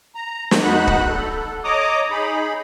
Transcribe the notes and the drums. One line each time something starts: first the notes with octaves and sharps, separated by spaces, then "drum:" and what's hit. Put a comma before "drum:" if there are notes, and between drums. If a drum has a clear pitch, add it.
A#5
drum: snare
E2 D#4 F#4 F#5 B5 F#6
drum: kick
A4
C#5 D#5 A#5 D6 D#6
D#4 G#4 B5